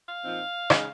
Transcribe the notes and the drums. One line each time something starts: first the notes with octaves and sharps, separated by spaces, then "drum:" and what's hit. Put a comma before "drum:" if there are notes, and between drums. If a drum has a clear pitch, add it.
F5
A#2 F3 C4 D#4
C#3 G#3 D#4, drum: rim click